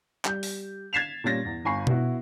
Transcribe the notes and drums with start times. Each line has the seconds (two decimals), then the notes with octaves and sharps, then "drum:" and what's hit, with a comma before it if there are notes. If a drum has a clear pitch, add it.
0.25 G3 G6, drum: clap
0.43 drum: open hi-hat
0.93 G#6 A6 B6 C7 E7 F7
1.24 A#2 G3 C#4 A6 A#6
1.45 E2
1.65 G1 G#5 B5 C#6 C7
1.87 B3 E4 F#4, drum: tom B2